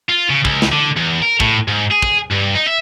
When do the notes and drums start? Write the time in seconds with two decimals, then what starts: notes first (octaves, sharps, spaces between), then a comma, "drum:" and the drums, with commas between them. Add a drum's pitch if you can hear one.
0.09 F4
0.30 C#3
0.45 C#2, drum: kick
0.62 drum: snare
0.72 D3
0.96 E2
1.22 A#4
1.40 A2, drum: kick
1.68 G#2
1.91 G#4
2.02 drum: kick
2.31 G2
2.54 D#4
2.66 E5